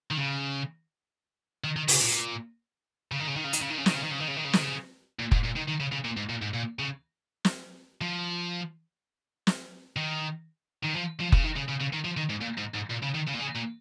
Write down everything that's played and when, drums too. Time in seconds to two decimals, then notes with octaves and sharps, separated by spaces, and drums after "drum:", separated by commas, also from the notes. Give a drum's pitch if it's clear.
0.11 D#3
0.17 C#3
1.64 D#3
1.76 D#3
1.88 C#3, drum: open hi-hat
2.01 A#2
3.12 C#3
3.19 D#3
3.27 C#3
3.36 D#3
3.44 C#3
3.53 D#3, drum: hi-hat
3.61 C#3
3.70 D#3
3.78 C#3
3.86 D#3, drum: snare
3.95 C#3
4.03 D#3
4.11 C#3
4.20 D#3
4.28 C#3
4.36 D#3
4.44 C#3
4.53 D#3, drum: snare
4.61 C#3
5.19 A#2
5.31 G#2, drum: kick F1
5.44 A#2
5.56 D#3
5.68 D#3
5.80 C#3
5.92 C#3
6.05 A#2
6.17 G#2
6.29 A#2
6.42 G#2
6.54 A#2
6.79 C#3
7.45 drum: snare
8.01 F3
9.47 drum: snare
9.97 D#3
10.83 D#3
10.95 F3
11.20 F3
11.32 C#3, drum: kick F1
11.44 D#3
11.56 C#3
11.68 C#3
11.80 C#3
11.93 D#3
12.05 F3
12.17 D#3
12.30 G#2
12.41 A#2
12.58 G#2
12.75 G#2
12.90 A#2
13.03 C#3
13.15 D#3
13.28 C#3
13.34 A#2
13.40 C#3
13.56 A#2